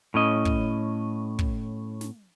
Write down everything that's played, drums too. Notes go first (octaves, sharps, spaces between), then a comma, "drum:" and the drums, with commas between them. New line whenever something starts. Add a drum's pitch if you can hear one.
A2 C#4 D#5
drum: kick
drum: kick
drum: snare